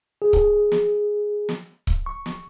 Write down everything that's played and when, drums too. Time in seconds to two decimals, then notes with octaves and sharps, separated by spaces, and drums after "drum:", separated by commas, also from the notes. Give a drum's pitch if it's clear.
0.22 G#4
0.33 drum: kick C#1
0.72 drum: snare
1.49 drum: snare
1.87 drum: kick C#1
2.06 C#6
2.26 drum: snare